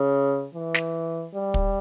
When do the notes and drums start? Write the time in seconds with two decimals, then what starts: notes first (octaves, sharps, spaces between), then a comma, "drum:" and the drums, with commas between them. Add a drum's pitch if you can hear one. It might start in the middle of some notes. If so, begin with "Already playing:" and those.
Already playing: C#3
0.55 E3
0.74 drum: snare
1.34 G3
1.54 drum: kick